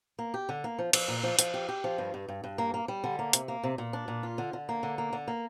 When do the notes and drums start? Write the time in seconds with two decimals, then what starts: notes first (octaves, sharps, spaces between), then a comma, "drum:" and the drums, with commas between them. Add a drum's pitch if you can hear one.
0.19 A#3
0.34 G4
0.49 D3
0.64 A#3
0.78 F3
0.93 F3, drum: cymbal
1.08 A#2
1.23 F3
1.39 F3, drum: hi-hat
1.54 G4
1.69 G4
1.84 F3
1.98 G2
2.14 G2
2.28 G2
2.44 G2
2.58 A#3
2.74 A#3
2.88 G3
3.04 D3
3.19 A#3
3.33 C3, drum: hi-hat
3.48 A#3
3.63 C3
3.78 A#2
3.93 D4
4.08 A#2
4.23 F4
4.38 D3
4.53 D3
4.69 A#3
4.83 D3
4.98 A#3
5.13 D3
5.28 A#3